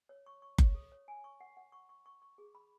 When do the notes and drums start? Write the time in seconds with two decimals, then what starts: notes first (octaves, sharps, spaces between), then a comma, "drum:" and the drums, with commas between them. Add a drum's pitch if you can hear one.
0.09 C#5
0.26 C#6
0.42 C#6
0.58 C#5, drum: kick F#1
0.75 A4
0.92 C#5
1.08 G#5
1.24 C#6
1.41 F#5
1.57 F#5
1.72 C#6
1.89 C#6
2.06 C#6
2.22 C#6
2.38 G#4
2.55 B5